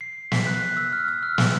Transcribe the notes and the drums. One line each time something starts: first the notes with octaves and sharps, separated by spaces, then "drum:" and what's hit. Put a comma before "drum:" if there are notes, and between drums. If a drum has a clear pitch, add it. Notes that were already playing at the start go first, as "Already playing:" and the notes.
C7
B6, drum: snare
F#6
E6
F6
E6
F6
E6, drum: snare